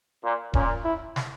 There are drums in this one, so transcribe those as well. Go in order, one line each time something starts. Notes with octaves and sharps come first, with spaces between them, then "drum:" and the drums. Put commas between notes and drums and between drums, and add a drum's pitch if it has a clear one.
A#2
A#2 C#4, drum: kick D#1
E4
drum: snare